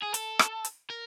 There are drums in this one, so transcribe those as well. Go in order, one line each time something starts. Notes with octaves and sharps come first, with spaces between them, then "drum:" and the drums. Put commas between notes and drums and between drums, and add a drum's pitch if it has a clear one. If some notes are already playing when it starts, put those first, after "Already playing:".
G#4
A4, drum: hi-hat
drum: rim click
drum: hi-hat
A#4